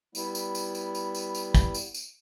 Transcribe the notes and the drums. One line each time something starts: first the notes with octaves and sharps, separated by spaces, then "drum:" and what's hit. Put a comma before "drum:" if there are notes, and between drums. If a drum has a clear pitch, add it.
G3 B3 E4, drum: tambourine
drum: tambourine
drum: tambourine
drum: tambourine
drum: tambourine
drum: tambourine
drum: tambourine
drum: kick, tambourine
drum: tambourine
drum: tambourine